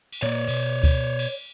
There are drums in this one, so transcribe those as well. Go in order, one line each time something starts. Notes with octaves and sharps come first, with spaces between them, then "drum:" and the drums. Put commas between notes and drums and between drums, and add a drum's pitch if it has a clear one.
drum: cymbal
A#2 A#3 C#5 D5
B2, drum: cymbal
drum: kick D2, cymbal
drum: cymbal